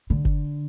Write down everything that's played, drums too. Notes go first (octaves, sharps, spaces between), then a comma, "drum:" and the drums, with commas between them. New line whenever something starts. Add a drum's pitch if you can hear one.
D3
drum: kick F#1